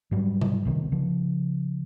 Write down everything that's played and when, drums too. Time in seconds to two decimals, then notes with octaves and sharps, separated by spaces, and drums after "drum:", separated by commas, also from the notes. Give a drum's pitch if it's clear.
0.11 G#2 F#3 G3
0.41 drum: tom C3
0.65 B1 C3 D#3
0.92 C#3 F3